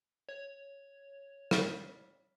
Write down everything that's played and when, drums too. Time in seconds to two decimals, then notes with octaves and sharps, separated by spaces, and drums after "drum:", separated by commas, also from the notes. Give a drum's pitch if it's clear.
0.29 C#5
1.51 drum: rim click